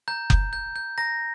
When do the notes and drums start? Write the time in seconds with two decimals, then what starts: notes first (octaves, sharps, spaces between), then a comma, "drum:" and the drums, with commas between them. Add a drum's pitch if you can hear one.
0.08 A#5 G6
0.30 G6, drum: kick F#1
0.53 G6
0.76 G6
0.98 A#5 A#6